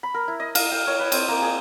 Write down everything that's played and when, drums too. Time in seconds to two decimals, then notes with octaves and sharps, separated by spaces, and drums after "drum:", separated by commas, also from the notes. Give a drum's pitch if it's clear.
0.03 B5
0.14 A#4
0.28 E4
0.40 D#5
0.55 F5, drum: cymbal
0.72 G5
0.87 C#5
0.99 B4
1.12 C4, drum: cymbal
1.28 A#3
1.42 G#4